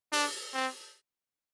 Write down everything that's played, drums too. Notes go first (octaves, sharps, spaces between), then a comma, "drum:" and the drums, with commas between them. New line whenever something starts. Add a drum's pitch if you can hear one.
D4, drum: open hi-hat
C4